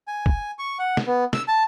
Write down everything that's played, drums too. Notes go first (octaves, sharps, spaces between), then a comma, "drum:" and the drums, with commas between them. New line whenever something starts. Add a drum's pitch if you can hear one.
G#5
drum: kick F1
C#6
F#5
drum: snare
B3
E6, drum: snare
A5